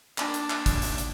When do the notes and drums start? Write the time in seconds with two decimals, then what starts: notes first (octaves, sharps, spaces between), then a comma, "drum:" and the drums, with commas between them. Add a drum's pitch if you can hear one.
0.18 A#3 D4, drum: clap
0.34 drum: hi-hat
0.50 drum: clap
0.66 drum: kick, hi-hat
0.82 drum: hi-hat
0.98 drum: hi-hat